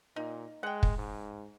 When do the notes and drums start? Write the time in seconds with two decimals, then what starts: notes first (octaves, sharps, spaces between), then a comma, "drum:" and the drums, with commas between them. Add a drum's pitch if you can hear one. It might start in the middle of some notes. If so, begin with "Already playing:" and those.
0.16 A#2 D#4
0.63 G#3 F#5 G5
0.83 drum: kick
0.98 G#2